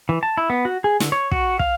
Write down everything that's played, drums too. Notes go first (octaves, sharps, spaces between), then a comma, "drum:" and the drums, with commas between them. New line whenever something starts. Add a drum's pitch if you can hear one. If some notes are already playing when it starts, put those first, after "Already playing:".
E3
A5
E4
B3
F#4
G#4
D3, drum: snare
C#5
F#4, drum: kick
F5, drum: kick